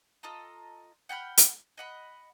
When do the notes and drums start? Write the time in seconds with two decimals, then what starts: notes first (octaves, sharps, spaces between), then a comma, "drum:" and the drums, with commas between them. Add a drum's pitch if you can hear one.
0.23 F4 A4 D#5 A#5
1.09 F#5 G5 B5 F6
1.37 drum: hi-hat
1.77 D#5 F#5 B5